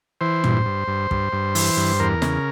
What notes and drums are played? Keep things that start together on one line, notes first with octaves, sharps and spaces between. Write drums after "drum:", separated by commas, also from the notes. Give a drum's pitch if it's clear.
E3 C5
G2, drum: tom
G2
G2
G2, drum: kick
G2
E3, drum: open hi-hat
G2
E2 A#4
C#3, drum: snare